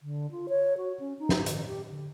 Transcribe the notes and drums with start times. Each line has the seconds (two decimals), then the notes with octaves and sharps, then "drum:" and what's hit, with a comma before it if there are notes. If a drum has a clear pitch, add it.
0.01 D3
0.31 F4
0.49 C#5
0.77 F#4
1.00 C#4
1.19 D#4
1.29 drum: snare
1.46 D#3, drum: hi-hat
1.67 G4
1.90 D3